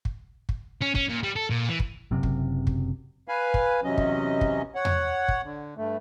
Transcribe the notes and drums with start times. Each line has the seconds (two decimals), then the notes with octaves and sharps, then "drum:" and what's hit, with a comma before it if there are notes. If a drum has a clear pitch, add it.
0.05 drum: kick
0.49 drum: kick
0.82 C#4
0.95 C#4, drum: kick
1.09 A#2
1.23 G3
1.36 A4
1.50 A#2
1.69 E3
1.80 drum: kick
2.11 F#1 F#2 C3
2.23 drum: kick
2.67 drum: kick
3.28 B4 F5 G#5
3.54 drum: kick
3.84 E2 C3 F#3 C#4 D#5
3.98 drum: kick
4.41 drum: kick
4.75 C#5 F#5
4.85 drum: tom E2
5.28 drum: kick
5.44 D3
5.77 G2 A3